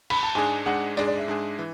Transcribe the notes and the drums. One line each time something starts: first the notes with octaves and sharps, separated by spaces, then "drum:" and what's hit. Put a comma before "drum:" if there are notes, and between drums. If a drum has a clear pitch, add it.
B5, drum: cymbal
A5
G#2 G#3 D4 G#4 G#5
G#2 G#3 D4 G#4 F#5
G#2 G#3 D4 G#4 D5, drum: tambourine
D5
E5
G#2 G#3 D4 G#4
E3